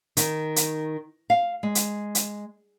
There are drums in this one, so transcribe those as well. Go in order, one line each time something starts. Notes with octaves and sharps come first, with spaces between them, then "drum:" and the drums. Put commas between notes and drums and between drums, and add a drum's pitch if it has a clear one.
D#3, drum: hi-hat
drum: hi-hat
F5
G#3
drum: hi-hat
drum: hi-hat